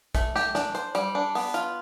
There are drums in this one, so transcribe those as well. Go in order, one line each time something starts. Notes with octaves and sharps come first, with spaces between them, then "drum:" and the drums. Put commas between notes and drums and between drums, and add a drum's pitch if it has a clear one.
A3, drum: kick, hi-hat
G4, drum: snare
D4, drum: snare
C5, drum: hi-hat
G3, drum: hi-hat
D4
B3, drum: open hi-hat
F4, drum: hi-hat